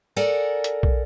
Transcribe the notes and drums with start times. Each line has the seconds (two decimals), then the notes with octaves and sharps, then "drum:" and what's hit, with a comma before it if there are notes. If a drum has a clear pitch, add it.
0.16 A4 A#4 D5 F#5 G#5 A#5
0.64 drum: hi-hat
0.83 drum: kick